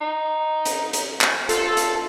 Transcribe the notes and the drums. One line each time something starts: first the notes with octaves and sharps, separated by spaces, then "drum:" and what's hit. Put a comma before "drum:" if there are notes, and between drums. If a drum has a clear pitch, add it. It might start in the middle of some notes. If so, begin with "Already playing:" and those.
D#4
drum: hi-hat
drum: hi-hat
drum: clap
F4 A4, drum: hi-hat
drum: hi-hat